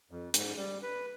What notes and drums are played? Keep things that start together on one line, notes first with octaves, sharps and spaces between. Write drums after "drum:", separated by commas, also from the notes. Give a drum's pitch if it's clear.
F2
G#2, drum: hi-hat
G3
B4